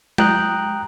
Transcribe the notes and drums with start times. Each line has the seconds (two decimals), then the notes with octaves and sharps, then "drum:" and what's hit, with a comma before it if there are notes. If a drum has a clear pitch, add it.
0.18 G5 A#5 D#6 F#6 G6, drum: tom G#3